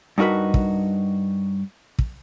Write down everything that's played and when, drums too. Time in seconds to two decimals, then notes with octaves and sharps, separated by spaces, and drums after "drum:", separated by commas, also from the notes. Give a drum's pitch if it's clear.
0.18 G2 D#4 F#4 A#4 B4
0.54 drum: kick
1.99 drum: kick